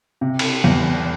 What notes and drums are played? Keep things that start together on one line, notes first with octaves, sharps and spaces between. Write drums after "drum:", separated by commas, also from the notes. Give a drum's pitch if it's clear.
C3
drum: cymbal
E2